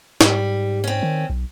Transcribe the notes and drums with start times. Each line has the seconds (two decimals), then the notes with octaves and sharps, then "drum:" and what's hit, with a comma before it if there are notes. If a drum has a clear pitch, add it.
0.21 G#2 G3, drum: snare
0.84 C4 C#4
1.03 D#3
1.30 B1